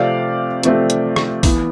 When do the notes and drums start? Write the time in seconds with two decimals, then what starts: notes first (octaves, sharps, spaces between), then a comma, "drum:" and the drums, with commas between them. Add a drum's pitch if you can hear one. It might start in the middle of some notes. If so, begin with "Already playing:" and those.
Already playing: C3 F3 A3 C4 D5 F5
0.63 C3 F3 A3 C4, drum: hi-hat
0.90 drum: hi-hat
1.16 drum: rim click
1.43 E3 B3, drum: kick, open hi-hat